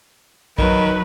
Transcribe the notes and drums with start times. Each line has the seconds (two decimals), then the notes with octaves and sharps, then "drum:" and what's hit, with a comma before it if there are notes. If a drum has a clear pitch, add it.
0.58 D#3 F#3 B4, drum: kick A#1